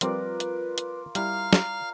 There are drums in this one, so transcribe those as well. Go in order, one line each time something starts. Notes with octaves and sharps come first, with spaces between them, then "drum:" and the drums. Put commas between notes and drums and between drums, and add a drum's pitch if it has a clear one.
F3 G3 C4 F4 A#4 B4 D5, drum: hi-hat
drum: hi-hat
drum: hi-hat
G3 E4 F5 A#5, drum: hi-hat
drum: snare